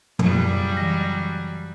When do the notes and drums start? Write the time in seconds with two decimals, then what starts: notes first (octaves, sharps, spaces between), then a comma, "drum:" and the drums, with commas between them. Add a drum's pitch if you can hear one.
0.19 F#2 C#3 F#3 G3, drum: tom
0.77 E3 A#6